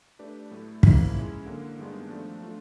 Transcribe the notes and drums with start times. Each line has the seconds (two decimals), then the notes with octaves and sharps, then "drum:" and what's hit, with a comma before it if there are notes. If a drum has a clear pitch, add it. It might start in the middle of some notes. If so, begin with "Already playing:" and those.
0.19 A3 D4 G4 B4 D5
0.51 A2 F#3 A3
0.83 G#2 F3 A#3 C#4 E4, drum: kick
1.14 G#3 C#4 E4
1.46 D3 F#3 A#3
1.78 G2 D#3 G#3 B3 D4
2.10 F3 A3 D4 F#4
2.41 F#3 A3 D4 F4